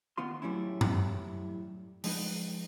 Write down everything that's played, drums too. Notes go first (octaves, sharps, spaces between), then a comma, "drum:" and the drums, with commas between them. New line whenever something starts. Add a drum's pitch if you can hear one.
D#3 B3 F4 C6
A2 F#3 G3 A3 C#4 E4
drum: tom F#2
F3 G#3 D#4 B4, drum: open hi-hat